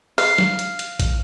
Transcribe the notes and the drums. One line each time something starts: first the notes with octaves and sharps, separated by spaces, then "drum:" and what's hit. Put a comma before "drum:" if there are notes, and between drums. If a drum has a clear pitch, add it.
F5, drum: open hi-hat
drum: snare F#3
drum: hi-hat
drum: hi-hat
drum: kick A1, hi-hat